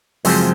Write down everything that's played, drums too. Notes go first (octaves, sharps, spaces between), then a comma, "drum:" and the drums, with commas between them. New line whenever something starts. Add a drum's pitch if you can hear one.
F#2 C#3 F3 G#3 C4, drum: open hi-hat